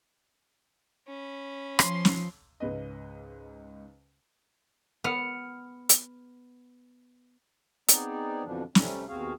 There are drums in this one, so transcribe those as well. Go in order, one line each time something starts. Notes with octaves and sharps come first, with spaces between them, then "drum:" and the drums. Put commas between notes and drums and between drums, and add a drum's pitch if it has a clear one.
C#4 B5
F3 C6, drum: rim click
drum: snare
C#2 G#2 B4 D#5
B3 F6 C#7
drum: hi-hat
B3 C4 D#4 G#4 D5, drum: hi-hat
F2 B2 D3 E3 F3 D4
C3 G3 A3 C#4, drum: snare
D#2 B2 C4 F#4 G#4 F5